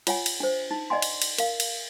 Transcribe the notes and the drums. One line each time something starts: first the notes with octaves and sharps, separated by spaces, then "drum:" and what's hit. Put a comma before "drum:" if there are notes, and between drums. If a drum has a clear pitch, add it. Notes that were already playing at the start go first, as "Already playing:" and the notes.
F4 C#5 F#5 G#5, drum: cymbal
drum: cymbal
D4 C5
D#4
D5 D#5 F#5 G#5 C6
drum: cymbal
drum: cymbal
A#4 F5, drum: cymbal
drum: cymbal